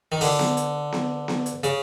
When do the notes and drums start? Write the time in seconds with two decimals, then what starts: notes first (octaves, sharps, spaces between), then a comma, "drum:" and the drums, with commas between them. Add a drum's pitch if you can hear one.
0.12 D#3
0.21 D3, drum: open hi-hat
0.39 drum: snare B3
0.57 drum: hi-hat
0.92 drum: snare B3
1.28 drum: snare B3
1.46 drum: hi-hat
1.63 C#3, drum: hi-hat